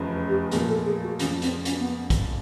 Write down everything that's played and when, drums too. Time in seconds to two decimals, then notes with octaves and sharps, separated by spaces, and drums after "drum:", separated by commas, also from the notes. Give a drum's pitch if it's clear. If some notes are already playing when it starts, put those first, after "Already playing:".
Already playing: F1 E2 C#3 F3
0.29 G4
0.52 A#2 F3 A#3 G#4, drum: hi-hat
0.68 A4
0.85 G#4
1.03 F#4
1.19 F2 C#3 F3 C#4, drum: hi-hat
1.42 C4, drum: hi-hat
1.65 C#4, drum: hi-hat
1.79 B3
2.10 drum: kick, hi-hat